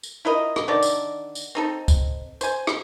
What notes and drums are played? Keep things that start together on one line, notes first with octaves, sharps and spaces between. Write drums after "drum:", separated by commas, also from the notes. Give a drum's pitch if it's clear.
drum: tambourine
E4 F4 A#4 D#5
drum: rim click
D3 D#3 D5
drum: tambourine
drum: tambourine
C4 D#4 A4
drum: kick, tambourine
C5 G#5, drum: tambourine
drum: rim click